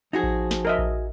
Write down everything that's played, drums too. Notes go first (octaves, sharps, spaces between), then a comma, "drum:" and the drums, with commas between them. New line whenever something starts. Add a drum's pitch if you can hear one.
F3 D#4 F#4 G#4
drum: kick A1
drum: snare
A#4 D#5 E5
drum: kick A1